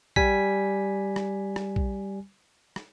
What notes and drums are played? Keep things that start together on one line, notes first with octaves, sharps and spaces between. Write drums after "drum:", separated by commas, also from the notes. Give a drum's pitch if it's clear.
G3 G#5 B6, drum: kick
drum: rim click
drum: rim click
drum: kick
drum: rim click